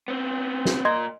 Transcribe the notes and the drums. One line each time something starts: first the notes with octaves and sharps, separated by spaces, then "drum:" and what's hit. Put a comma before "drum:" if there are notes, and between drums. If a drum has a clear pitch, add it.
B3 C4
drum: snare
A#2 A#4 D#5 C6 G#6